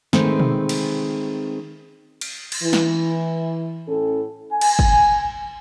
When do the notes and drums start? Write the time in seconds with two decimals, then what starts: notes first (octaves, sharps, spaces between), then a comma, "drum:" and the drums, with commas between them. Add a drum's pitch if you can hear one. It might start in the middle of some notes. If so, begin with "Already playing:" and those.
0.13 D#3 G#3 A3 C4 B4, drum: snare
0.40 drum: tom B2
0.69 drum: cymbal
2.21 drum: cymbal
2.52 drum: cymbal
2.63 E3
2.73 drum: snare
3.88 A2 C#4 A4
4.52 G#5
4.61 drum: cymbal
4.79 drum: kick